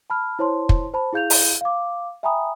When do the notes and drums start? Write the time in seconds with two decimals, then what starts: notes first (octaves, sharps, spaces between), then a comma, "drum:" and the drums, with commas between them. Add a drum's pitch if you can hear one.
0.10 A5 B5 F6
0.39 E4 C5 C#5 A5 C6
0.69 drum: kick
0.94 C5 A5 B5
1.13 E4 G#4 F5 G6 G#6 F7
1.30 drum: open hi-hat
1.61 F5 D6
2.23 E5 G5 G#5 A#5 B5 D#6